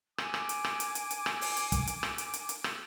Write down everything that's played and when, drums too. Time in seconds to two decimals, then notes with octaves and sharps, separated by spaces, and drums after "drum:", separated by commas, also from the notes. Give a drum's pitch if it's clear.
0.18 G#5 D6, drum: rim click
0.34 drum: rim click
0.49 drum: hi-hat
0.64 drum: rim click
0.80 drum: hi-hat
0.95 drum: hi-hat
1.11 drum: hi-hat
1.26 drum: rim click
1.41 drum: open hi-hat
1.57 drum: hi-hat
1.72 drum: kick, hi-hat
1.87 drum: hi-hat
2.03 drum: rim click
2.18 drum: hi-hat
2.34 drum: hi-hat
2.49 drum: hi-hat
2.64 drum: rim click